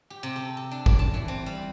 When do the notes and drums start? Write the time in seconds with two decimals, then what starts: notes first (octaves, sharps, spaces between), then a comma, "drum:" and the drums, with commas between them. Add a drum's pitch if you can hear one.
0.10 G4
0.23 C3
0.36 A4
0.57 A4
0.71 D4
0.86 D5, drum: kick G#1
0.99 A5
1.14 E3
1.28 C4
1.46 G3